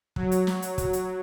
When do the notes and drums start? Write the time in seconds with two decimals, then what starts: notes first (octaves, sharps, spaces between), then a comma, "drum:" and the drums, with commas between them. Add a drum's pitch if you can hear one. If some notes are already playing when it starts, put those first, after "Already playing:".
0.16 F#3, drum: kick
0.32 drum: hi-hat
0.47 drum: snare
0.62 drum: hi-hat
0.78 drum: kick, hi-hat
0.93 drum: hi-hat